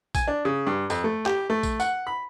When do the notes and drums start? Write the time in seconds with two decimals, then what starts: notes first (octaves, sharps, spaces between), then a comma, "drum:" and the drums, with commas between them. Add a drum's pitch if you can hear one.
0.15 G#5, drum: kick A#1, tambourine
0.28 D4
0.45 C#3
0.67 G2
0.90 F2, drum: tambourine
1.04 A3
1.26 G4, drum: clap
1.50 A3
1.63 drum: kick A#1, tambourine
1.80 F#5, drum: tambourine
2.07 B5